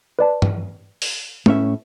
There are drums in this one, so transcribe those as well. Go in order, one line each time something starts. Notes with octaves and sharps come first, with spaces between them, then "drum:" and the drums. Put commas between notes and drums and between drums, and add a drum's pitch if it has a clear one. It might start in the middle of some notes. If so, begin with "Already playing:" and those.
B4 D5 A5
drum: tom G2
drum: open hi-hat
A2 C#4 E5, drum: tom